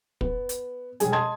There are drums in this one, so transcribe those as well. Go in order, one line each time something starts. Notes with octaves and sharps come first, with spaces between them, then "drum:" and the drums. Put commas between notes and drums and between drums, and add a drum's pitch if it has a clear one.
B3, drum: kick
drum: hi-hat
E1 G3 G#4 G#5, drum: hi-hat
D#5 A5 C6 D#6 G#6